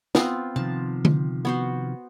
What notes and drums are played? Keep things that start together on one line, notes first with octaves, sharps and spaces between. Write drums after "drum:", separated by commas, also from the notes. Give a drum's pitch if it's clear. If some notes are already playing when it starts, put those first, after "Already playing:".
B3 C4 F4, drum: snare
C3 D#3 F3 A5
drum: tom D3
B3 F#4 C5